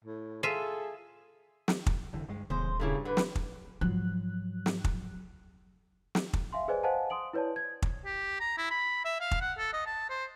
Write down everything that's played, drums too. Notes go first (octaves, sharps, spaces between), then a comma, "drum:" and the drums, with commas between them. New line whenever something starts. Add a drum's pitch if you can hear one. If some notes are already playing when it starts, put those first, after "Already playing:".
A2
F4 G#4 A4 E5 D#7
drum: snare
drum: kick
F1 D3 E3
G2 G#3
D#1 C#3 E3 G#3 B3 C5
G2 C#3 A3 A#3 E4
D3 B4
drum: snare
drum: kick
G#2 F3 F#3 F#6
drum: snare
drum: kick
drum: snare
drum: kick
E5 F5 G#5 C6
G#4 B4 C5 D5 D#5 G#5
C5 D#5 F5 F#5 G#5 A5
C6 D#6 D7 F#7
E4 B4 C#5 D5 A5
G#6
drum: kick
G4
A#5
E4
B5
E5
F5
drum: kick
F#5
A4
D#5
A5
C5